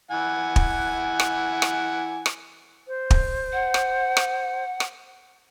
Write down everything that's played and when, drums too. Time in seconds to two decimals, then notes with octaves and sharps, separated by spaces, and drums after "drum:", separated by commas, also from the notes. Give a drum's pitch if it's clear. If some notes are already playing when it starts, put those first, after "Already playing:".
0.11 E3 F#5 G#5
0.56 drum: kick
1.20 drum: rim click
1.62 drum: rim click
2.26 drum: rim click
2.88 C5
3.11 drum: kick
3.53 F#5
3.74 drum: rim click
4.17 drum: rim click
4.80 drum: rim click